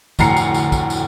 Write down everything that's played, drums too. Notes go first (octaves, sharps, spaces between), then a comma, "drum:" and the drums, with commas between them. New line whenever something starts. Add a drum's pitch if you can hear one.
F1 D2 A2 A#5 C7 C#7, drum: kick, tambourine
drum: tambourine
drum: tambourine
drum: kick, tambourine
drum: tambourine